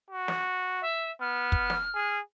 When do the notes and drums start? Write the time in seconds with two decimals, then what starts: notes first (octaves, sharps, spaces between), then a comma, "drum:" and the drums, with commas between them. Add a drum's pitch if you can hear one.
0.10 F#4
0.28 drum: snare
0.81 E5
1.21 B3 F6
1.52 drum: kick
1.70 drum: snare
1.94 G#4